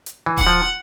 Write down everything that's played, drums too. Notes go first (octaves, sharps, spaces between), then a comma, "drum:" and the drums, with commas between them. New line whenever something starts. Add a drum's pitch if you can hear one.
drum: hi-hat
E3
F#5, drum: kick D#1, open hi-hat
F3